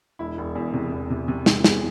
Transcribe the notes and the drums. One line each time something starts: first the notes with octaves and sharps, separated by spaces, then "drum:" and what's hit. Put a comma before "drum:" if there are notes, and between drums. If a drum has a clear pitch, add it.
E1 E4
E1
E2
C3
E2
C3
C3
C3, drum: snare
E2 G#4, drum: snare